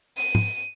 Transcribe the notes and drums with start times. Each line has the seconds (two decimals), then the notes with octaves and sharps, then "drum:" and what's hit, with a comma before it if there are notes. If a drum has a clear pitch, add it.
0.17 D#7
0.35 drum: tom